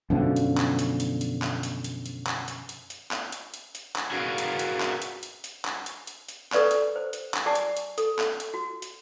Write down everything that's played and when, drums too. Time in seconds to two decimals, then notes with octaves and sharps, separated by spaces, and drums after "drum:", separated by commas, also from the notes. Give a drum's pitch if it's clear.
0.10 F#2 B2 D3 F3
0.36 drum: hi-hat
0.58 drum: clap
0.79 drum: hi-hat
1.00 drum: hi-hat
1.21 drum: hi-hat
1.42 drum: clap
1.63 drum: hi-hat
1.84 drum: hi-hat
2.06 drum: hi-hat
2.27 drum: clap
2.48 drum: hi-hat
2.69 drum: hi-hat
2.90 drum: hi-hat
3.11 drum: clap
3.32 drum: hi-hat
3.54 drum: hi-hat
3.75 drum: hi-hat
3.96 drum: clap
4.11 F#4 G#4 A#4 B4 D5 F5
4.38 drum: hi-hat
4.59 drum: hi-hat
4.80 drum: clap
5.02 drum: hi-hat
5.23 drum: hi-hat
5.44 drum: hi-hat
5.65 drum: clap
5.86 drum: hi-hat
6.07 drum: hi-hat
6.29 drum: hi-hat
6.52 A4 B4 D5 C#6, drum: clap
6.71 drum: hi-hat
6.96 C5
7.13 drum: hi-hat
7.34 drum: clap
7.46 G4 D5 G#5 A5 D6
7.55 drum: hi-hat
7.77 drum: hi-hat
7.98 A4, drum: hi-hat
8.19 drum: clap
8.40 drum: hi-hat
8.54 F#4
8.82 drum: hi-hat